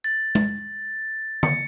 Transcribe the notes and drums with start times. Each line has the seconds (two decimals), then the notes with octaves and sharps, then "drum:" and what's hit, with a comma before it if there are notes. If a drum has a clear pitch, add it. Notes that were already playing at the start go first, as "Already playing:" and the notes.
0.04 A6
0.35 drum: tom G#3
1.43 C#7, drum: tom